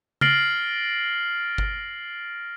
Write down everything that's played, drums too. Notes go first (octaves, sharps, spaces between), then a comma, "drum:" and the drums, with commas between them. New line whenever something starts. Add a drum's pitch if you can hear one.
F6 A6 A#6 C7 D7 F#7, drum: tom C#3
drum: kick G1